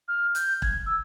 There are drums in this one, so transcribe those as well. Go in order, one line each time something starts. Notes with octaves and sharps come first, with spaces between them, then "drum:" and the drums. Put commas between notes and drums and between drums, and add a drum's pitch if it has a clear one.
F6
G6, drum: hi-hat
G#6, drum: kick E1
E6